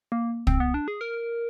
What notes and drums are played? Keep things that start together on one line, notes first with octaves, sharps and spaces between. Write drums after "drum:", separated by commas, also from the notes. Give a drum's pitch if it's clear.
A#3
C4, drum: kick
B3
D4
G#4
A#4